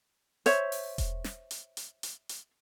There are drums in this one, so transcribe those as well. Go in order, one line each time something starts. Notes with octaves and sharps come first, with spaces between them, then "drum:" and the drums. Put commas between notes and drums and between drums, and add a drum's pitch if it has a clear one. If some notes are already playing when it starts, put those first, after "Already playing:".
C5 C#5 E5, drum: hi-hat
drum: open hi-hat
drum: kick E1, hi-hat
drum: snare
drum: hi-hat
drum: hi-hat
drum: hi-hat
drum: hi-hat